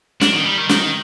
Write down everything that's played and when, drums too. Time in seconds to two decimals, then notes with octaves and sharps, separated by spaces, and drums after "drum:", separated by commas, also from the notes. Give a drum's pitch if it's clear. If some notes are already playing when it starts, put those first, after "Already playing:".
0.21 D4, drum: snare
0.33 D#3
0.46 G3
0.58 D#3
0.69 D#3, drum: snare